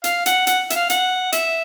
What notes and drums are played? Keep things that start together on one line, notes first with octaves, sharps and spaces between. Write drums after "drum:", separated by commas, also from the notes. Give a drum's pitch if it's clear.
F5, drum: hi-hat
F#5, drum: hi-hat
F#5, drum: hi-hat
E5, drum: hi-hat
F5
F#5, drum: hi-hat
E5, drum: hi-hat